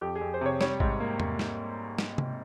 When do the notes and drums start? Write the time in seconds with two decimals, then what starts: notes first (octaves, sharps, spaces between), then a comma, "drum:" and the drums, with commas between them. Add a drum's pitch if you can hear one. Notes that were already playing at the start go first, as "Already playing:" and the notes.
0.01 F2 G4
0.16 G#4
0.21 F2
0.34 C5
0.41 C3 C#5
0.61 G3 C#5, drum: snare
0.80 G#2, drum: kick A1
1.00 A#3
1.20 drum: tom E2
1.39 drum: snare
1.98 drum: snare
2.18 drum: tom C3